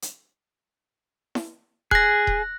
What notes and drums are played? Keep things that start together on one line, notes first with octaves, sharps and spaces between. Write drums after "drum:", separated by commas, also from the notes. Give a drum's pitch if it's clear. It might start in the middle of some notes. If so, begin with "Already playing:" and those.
drum: hi-hat
drum: snare E4
G#4 F#6 A#6, drum: kick D#1
drum: kick D#1